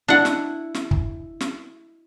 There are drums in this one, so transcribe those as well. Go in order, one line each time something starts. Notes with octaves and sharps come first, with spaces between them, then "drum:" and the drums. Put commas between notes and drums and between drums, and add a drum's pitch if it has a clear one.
D4 E4 F#5
drum: snare
drum: snare
drum: kick
drum: snare